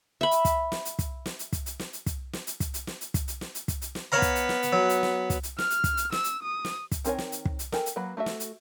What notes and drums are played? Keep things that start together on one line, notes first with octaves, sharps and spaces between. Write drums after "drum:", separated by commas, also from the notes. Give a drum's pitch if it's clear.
E5 B5
drum: hi-hat
drum: kick, hi-hat
drum: snare
drum: hi-hat
drum: kick, hi-hat
drum: snare
drum: hi-hat
drum: kick, hi-hat
drum: hi-hat
drum: snare
drum: hi-hat
drum: kick, hi-hat
drum: snare
drum: hi-hat
drum: kick, hi-hat
drum: hi-hat
drum: snare
drum: hi-hat
drum: kick, hi-hat
drum: hi-hat
drum: snare
drum: hi-hat
drum: kick, hi-hat
drum: hi-hat
drum: snare
B3 C#5 F5 A#5
drum: kick, hi-hat
drum: hi-hat
drum: snare
drum: hi-hat
F#3
drum: hi-hat
drum: snare
drum: kick, hi-hat
drum: hi-hat
F6, drum: snare
drum: hi-hat
drum: kick, hi-hat
drum: hi-hat
E6, drum: snare
drum: hi-hat
D#6
drum: snare
drum: kick, hi-hat
D#3 C4 A#4 C#5 G#5, drum: hi-hat
drum: snare
drum: hi-hat
drum: kick
drum: hi-hat
A4 A#4 G5 G#5, drum: snare
drum: hi-hat
F#3 A#3 B4 F#5 B5
A3 F#4 A4 E5
drum: snare
drum: hi-hat